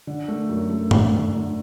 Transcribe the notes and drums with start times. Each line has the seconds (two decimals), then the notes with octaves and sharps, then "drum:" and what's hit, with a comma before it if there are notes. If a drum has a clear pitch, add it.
0.07 D3
0.28 A3
0.49 F#2
0.70 A3
0.91 D3, drum: tom G2
1.12 A3
1.33 D3